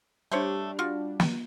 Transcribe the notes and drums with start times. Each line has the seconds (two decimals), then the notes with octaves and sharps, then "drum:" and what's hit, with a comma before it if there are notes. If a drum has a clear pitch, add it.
0.31 G3 A3 D4 C5 C#5
0.79 F4 F#4 D5
1.20 drum: snare